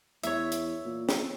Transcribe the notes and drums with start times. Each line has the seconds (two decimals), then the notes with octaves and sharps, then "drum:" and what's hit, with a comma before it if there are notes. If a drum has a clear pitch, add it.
0.23 E2 C#5 E5, drum: hi-hat
0.52 drum: hi-hat
0.85 A#2
1.09 drum: snare